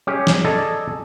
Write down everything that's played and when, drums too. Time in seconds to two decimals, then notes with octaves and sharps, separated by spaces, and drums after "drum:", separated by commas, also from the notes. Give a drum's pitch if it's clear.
0.07 C#4 G4 G#4
0.27 drum: snare
0.44 G#4 A4 D5 D#5 G#5 A#5